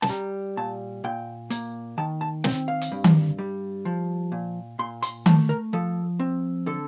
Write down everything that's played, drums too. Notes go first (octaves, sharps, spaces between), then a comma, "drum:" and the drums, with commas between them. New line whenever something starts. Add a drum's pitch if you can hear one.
A5, drum: snare
G3 A#5
A#2 A5
A#2 G5
A#3, drum: hi-hat
D#3 A5
A5
C4 G5, drum: snare
F5
drum: hi-hat
G2
drum: tom D#3
G3
F3
A#2
A#2 C6
C6, drum: hi-hat
A3 A5, drum: tom D#3
A#4
F3 A4
C4
D3 A4